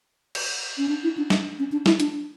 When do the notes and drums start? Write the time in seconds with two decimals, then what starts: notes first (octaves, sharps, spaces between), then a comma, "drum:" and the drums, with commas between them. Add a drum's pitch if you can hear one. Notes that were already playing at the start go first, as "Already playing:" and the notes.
0.35 drum: cymbal
0.78 C#4
0.89 D4
1.03 E4
1.17 D4
1.30 D4, drum: snare
1.59 C#4
1.72 D4
1.86 E4, drum: snare
2.00 D4, drum: hi-hat